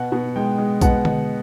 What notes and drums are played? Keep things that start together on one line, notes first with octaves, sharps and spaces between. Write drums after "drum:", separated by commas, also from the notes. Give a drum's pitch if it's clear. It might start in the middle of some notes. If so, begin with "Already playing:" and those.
Already playing: B2 F#5
B2
G#3 G5
G#3
B2 F#5, drum: kick A#1, tambourine
drum: tom D3